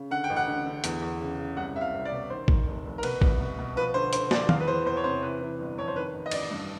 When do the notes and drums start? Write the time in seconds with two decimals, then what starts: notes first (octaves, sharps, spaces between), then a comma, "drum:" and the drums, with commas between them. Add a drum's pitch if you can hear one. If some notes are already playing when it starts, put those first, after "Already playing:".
Already playing: C#3
0.11 D3 F#5
0.24 G5
0.30 A1
0.36 F#5
0.47 D3
0.66 D3
0.84 E2, drum: hi-hat
1.02 E2
1.20 C#3
1.39 C#3
1.57 C2 F#5
1.75 C2 E5
1.81 F5
1.94 C2
2.05 D5
2.12 B2
2.30 D#3 C5
2.48 D#3, drum: kick
2.67 F1
2.85 F1
2.98 A#4
3.03 B2 B4, drum: cymbal
3.22 C2, drum: kick
3.40 B2
3.58 B2
3.76 F3 B4
3.94 D3 C5
4.13 D3 C5, drum: hi-hat
4.31 F3 D5, drum: snare
4.49 E2 F5, drum: tom D#3
4.60 B4
4.68 E3 C5
4.85 E2 C5
4.97 C#5
5.04 C3 C5
5.22 E3 B4
5.41 E3
5.59 G1
5.78 F2 C#5
5.88 C5
5.95 D#3 B4
6.13 A1
6.26 D#5
6.31 A1 D5, drum: cymbal
6.51 G2